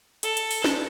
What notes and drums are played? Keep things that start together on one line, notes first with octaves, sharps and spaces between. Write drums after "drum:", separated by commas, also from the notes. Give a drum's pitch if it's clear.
A4, drum: hi-hat
drum: hi-hat
drum: open hi-hat
drum: snare